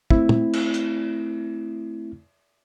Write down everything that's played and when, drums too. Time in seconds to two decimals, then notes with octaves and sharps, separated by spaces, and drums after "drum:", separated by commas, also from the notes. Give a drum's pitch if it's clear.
0.10 A3 C4 E4, drum: kick
0.29 drum: tom
0.53 drum: cymbal
0.74 drum: hi-hat